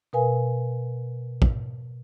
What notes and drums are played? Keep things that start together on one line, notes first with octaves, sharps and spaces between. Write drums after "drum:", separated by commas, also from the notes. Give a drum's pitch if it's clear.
B2 A#4 B4 F5 G#5
drum: kick